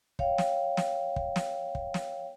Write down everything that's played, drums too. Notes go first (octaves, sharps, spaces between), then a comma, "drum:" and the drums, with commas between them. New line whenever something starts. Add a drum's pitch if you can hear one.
C#5 F5 G5, drum: kick
drum: snare
drum: snare
drum: kick
drum: snare
drum: kick
drum: snare